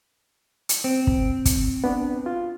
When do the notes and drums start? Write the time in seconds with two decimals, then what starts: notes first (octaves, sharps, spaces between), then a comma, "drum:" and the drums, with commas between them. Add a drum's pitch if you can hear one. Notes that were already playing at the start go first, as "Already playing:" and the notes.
0.69 drum: hi-hat
0.84 C4
1.07 drum: kick
1.45 drum: kick, hi-hat
1.84 B3 D4
2.26 F4